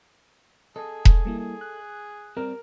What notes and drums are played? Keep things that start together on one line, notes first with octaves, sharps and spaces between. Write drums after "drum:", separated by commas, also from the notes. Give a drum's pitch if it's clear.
G#4 A4 D#5
drum: kick E1
G3 A#3 E4
G#4
F#6
G3 C4 A#4